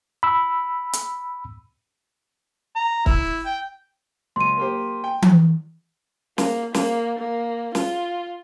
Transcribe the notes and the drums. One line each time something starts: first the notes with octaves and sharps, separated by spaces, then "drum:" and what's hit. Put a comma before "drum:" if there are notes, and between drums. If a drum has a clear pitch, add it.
B5 E6
drum: hi-hat
A#5
E4, drum: kick C#1
G5
C#2 C6 D#7
A#3 G4 C5
G5
drum: tom E3
A#3, drum: snare
A#3, drum: snare
A#3
F4, drum: snare